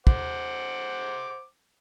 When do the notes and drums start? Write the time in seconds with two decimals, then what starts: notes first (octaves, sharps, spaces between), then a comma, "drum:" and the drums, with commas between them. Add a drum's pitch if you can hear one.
0.07 C5 F#5 D6, drum: kick